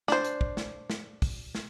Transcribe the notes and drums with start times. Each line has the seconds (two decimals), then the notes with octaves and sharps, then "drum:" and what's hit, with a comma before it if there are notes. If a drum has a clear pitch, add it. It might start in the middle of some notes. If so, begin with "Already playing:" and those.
0.08 D4 C5, drum: snare
0.25 drum: hi-hat
0.41 drum: kick
0.57 drum: snare
0.90 drum: snare
1.22 drum: kick, open hi-hat
1.55 drum: snare